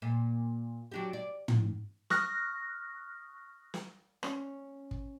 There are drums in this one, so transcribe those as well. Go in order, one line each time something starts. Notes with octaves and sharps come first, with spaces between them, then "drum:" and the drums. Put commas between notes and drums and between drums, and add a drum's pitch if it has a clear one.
A#2
F#3 D4 G4
D5
drum: tom
C#6 D#6 F6 F#6 A#6, drum: snare
drum: snare
C#4, drum: rim click
drum: kick